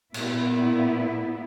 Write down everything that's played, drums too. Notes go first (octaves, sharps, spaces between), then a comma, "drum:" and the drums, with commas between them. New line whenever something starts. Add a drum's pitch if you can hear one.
A#2 B3 E4, drum: cymbal